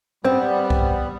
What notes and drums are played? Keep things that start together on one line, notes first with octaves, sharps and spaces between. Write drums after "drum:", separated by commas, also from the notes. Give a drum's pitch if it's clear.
G3 B3 C4, drum: tom
drum: kick B1